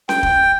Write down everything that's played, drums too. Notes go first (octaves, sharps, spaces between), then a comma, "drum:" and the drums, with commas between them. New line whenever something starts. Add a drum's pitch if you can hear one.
G5, drum: snare C#4
drum: kick